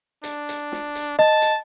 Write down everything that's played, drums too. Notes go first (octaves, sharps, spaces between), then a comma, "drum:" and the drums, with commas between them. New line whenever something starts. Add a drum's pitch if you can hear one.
D4, drum: hi-hat
drum: hi-hat
drum: snare
drum: hi-hat
D#5 A5
drum: hi-hat